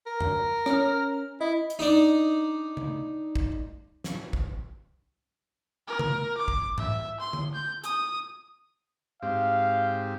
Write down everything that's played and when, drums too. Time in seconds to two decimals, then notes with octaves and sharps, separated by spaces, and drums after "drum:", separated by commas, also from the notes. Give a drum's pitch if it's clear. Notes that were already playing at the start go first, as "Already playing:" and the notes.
0.07 A#4
0.21 drum: tom F2
0.66 C#4 F6, drum: rim click
1.41 E4 D#5
1.70 drum: hi-hat
1.79 D4 D#4
2.77 drum: tom C#3
3.36 drum: kick
4.04 drum: snare
4.33 drum: kick
5.88 A#4
5.99 drum: tom C#3
6.38 D6
6.48 drum: kick
6.78 E5, drum: tom G#2
7.20 C6
7.33 drum: tom
7.54 G6
7.84 D#6, drum: hi-hat
9.22 G#2 C4 G4 F5